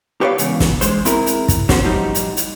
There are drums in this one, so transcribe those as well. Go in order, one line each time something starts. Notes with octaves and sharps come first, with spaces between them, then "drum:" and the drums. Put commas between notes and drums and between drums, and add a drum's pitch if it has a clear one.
G4 B4 C#5 D5 E5 F5
E2 G#2 C#3, drum: hi-hat
drum: snare
G#3 C5, drum: hi-hat
C4 E4 G#4 A#4, drum: hi-hat
drum: hi-hat
drum: kick, hi-hat
C#4 F#4 C5, drum: snare
A2 F3 G3 D#4 F#4
drum: hi-hat
drum: hi-hat